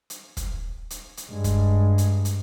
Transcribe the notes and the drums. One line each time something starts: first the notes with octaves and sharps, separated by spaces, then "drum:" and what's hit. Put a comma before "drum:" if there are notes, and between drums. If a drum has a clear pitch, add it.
drum: hi-hat
drum: kick, hi-hat
drum: hi-hat
drum: hi-hat
G2 G#3
drum: kick, hi-hat
drum: hi-hat
drum: hi-hat